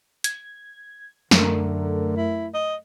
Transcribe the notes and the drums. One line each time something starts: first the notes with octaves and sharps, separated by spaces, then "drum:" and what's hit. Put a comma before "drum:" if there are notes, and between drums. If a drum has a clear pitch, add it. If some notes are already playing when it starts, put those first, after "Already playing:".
G#6, drum: hi-hat
F#2 D3 A3 A#4, drum: snare
E4
D#5